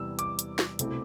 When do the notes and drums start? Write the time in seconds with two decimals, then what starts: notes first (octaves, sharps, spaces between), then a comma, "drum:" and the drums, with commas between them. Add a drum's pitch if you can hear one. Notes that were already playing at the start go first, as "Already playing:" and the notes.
Already playing: E2 C3 G3 E6
0.19 D6, drum: hi-hat
0.39 drum: hi-hat
0.59 drum: snare
0.79 C2 B2 A3 C4 E4, drum: hi-hat